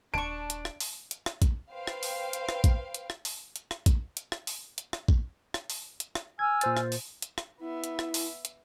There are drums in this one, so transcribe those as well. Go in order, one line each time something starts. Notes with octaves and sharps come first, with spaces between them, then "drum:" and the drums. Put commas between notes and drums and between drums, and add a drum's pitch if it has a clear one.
D#1 D4 A5 C#6 D7
drum: hi-hat
drum: rim click
drum: open hi-hat
drum: hi-hat
drum: rim click
drum: kick A#1, hi-hat
B4 C5 F5 G5
drum: rim click
drum: open hi-hat
drum: hi-hat
drum: rim click
drum: kick A#1, hi-hat
drum: hi-hat
drum: rim click
drum: open hi-hat
drum: hi-hat
drum: rim click
drum: kick A#1, hi-hat
drum: hi-hat
drum: rim click
drum: open hi-hat
drum: hi-hat
drum: rim click
drum: kick A#1
drum: rim click
drum: open hi-hat
drum: hi-hat
drum: rim click
G#5 E6 F6 G#6
A#2 C5 A6, drum: hi-hat
drum: rim click
drum: open hi-hat
drum: hi-hat
drum: rim click
B3 E4 E5
drum: hi-hat
drum: rim click
drum: open hi-hat
drum: hi-hat